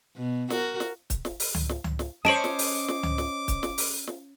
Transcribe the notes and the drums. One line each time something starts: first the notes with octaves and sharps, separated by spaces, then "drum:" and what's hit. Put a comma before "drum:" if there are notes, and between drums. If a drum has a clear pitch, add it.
B2
F#4 A#4, drum: snare
drum: snare
drum: kick C#1, hi-hat
drum: snare
drum: open hi-hat
drum: tom C#2
drum: snare
drum: tom C#2
drum: snare
C#4 C5 C#5 D#5 A5 D6 D7 F#7
drum: snare
drum: open hi-hat
drum: snare
drum: tom C#2
drum: snare
drum: kick C#1, hi-hat
drum: snare
drum: open hi-hat
drum: snare